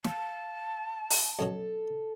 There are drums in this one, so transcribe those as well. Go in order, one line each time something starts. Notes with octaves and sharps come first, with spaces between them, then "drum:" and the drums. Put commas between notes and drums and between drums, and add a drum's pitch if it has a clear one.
F5 A5, drum: snare
drum: open hi-hat
F#2 B2 F#3 A4